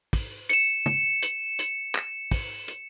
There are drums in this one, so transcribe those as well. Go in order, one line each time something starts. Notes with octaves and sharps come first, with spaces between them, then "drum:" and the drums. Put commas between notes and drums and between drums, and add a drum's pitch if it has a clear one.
drum: kick, open hi-hat
C#7 E7, drum: hi-hat
drum: tom
drum: hi-hat
drum: hi-hat
drum: clap
drum: kick, open hi-hat
drum: hi-hat